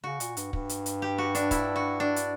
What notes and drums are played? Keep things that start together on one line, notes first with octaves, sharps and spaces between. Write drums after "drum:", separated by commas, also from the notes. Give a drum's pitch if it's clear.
C#3 F#4
A#2, drum: hi-hat
G2, drum: hi-hat
G2, drum: kick
drum: hi-hat
drum: hi-hat
G4
F#4
D4, drum: hi-hat
E4, drum: kick, hi-hat
F#4
D4
drum: hi-hat